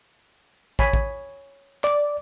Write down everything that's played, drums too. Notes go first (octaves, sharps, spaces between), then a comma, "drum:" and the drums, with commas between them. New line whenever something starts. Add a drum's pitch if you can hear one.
C#5 G#5 B5, drum: kick
drum: kick
D5 D6, drum: clap